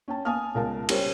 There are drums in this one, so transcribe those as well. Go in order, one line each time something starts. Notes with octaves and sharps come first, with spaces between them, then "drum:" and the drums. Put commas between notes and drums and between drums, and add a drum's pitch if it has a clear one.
C#4 G5 A5
F5 G#5 A5 D#6 F6
G1 C#2 A#4 F5 A5
G3 C#4 G4 A#4 C5 C#5, drum: cymbal